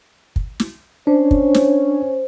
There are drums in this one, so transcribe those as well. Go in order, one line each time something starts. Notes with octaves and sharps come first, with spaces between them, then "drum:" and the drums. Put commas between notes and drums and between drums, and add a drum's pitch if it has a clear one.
drum: kick
drum: snare
C#4 D4 C5 C#5
drum: kick
drum: snare